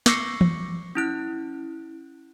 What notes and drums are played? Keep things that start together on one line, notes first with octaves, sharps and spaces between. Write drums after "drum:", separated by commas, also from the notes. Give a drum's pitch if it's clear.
C#6 D6 E6 A#6 C7 C#7, drum: snare
drum: tom
C#4 E4 F#6